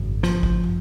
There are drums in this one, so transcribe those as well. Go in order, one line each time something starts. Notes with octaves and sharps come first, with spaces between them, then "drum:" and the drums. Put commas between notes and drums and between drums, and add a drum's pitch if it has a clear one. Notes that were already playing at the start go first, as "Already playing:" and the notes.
Already playing: G#1 F#2 C#3
F3, drum: snare
drum: kick G#1
drum: tom